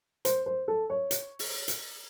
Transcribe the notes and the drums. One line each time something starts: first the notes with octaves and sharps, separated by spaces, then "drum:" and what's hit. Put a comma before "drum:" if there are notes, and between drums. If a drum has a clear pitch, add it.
C5, drum: hi-hat
C5
A4
C#5
drum: hi-hat
drum: open hi-hat
drum: hi-hat